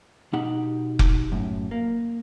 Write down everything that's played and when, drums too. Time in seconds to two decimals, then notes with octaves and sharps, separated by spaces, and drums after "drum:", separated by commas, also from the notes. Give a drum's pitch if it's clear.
0.33 B2 D#4 G4 F#5
0.99 drum: kick F1
1.32 F#2 A2
1.71 A#3